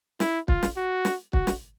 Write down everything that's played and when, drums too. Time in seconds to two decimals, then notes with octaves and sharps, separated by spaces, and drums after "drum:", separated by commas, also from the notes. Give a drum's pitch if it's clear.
0.20 E4, drum: snare
0.48 F4, drum: kick
0.63 drum: snare
0.77 F#4
1.05 drum: snare
1.33 F#4, drum: kick
1.47 drum: snare